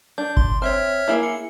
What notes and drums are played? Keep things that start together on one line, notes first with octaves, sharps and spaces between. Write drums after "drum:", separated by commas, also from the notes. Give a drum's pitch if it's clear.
D4 G6
C6, drum: kick G1
C4 C#5 E5 F6
A#3 E4 G#4
C#7